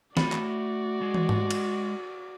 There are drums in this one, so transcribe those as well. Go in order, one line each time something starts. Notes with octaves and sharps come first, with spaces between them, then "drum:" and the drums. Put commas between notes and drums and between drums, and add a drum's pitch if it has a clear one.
A3 F#4 D5 B5, drum: snare
drum: clap
G#3
drum: tom
drum: tom G#2
drum: cymbal